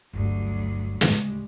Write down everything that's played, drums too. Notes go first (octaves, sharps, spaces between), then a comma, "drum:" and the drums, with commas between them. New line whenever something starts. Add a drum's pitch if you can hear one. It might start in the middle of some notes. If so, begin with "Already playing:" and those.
G1 D2 G2 F#3
D2 A2 C#3 G3 G#3, drum: snare